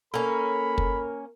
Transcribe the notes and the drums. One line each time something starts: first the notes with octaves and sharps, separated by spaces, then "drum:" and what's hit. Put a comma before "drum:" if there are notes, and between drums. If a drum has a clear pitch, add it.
A#3 C#4 A4 A#4 B5
drum: kick